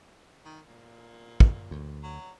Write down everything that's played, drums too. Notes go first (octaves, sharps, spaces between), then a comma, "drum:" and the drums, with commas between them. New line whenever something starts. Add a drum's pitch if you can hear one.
D#3
A#2
drum: kick
D2
F#3